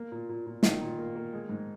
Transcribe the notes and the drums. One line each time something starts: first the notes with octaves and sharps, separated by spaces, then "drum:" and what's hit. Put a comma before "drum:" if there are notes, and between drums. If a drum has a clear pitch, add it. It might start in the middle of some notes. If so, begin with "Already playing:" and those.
Already playing: A#3
A#2
A#2
A#2
A#2 D#3 D#4, drum: snare
A#2
A#3
A#3
G#3
G#2